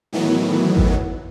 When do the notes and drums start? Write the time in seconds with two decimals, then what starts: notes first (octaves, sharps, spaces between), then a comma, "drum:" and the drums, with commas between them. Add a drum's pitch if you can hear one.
0.13 A2 D#3 E3 F#3 B3
0.77 drum: kick G#1